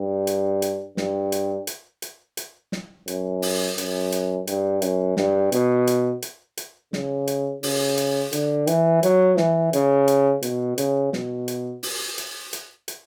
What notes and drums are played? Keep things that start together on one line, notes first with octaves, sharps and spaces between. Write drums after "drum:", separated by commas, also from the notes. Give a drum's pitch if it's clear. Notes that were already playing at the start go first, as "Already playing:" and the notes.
Already playing: G2
drum: hi-hat
drum: hi-hat
G2, drum: snare
drum: hi-hat
drum: hi-hat
drum: hi-hat
drum: hi-hat
drum: snare
F#2, drum: hi-hat
drum: open hi-hat
F#2, drum: hi-hat
drum: hi-hat
G2, drum: hi-hat
F#2, drum: hi-hat
G2, drum: snare
B2, drum: hi-hat
drum: hi-hat
drum: hi-hat
drum: hi-hat
C#3, drum: snare
drum: hi-hat
C#3, drum: open hi-hat
drum: hi-hat
D3, drum: hi-hat
E3, drum: hi-hat
F#3, drum: hi-hat
E3, drum: snare
C#3, drum: hi-hat
drum: hi-hat
B2, drum: hi-hat
C#3, drum: hi-hat
B2, drum: snare
drum: hi-hat
drum: open hi-hat
drum: hi-hat
drum: hi-hat
drum: hi-hat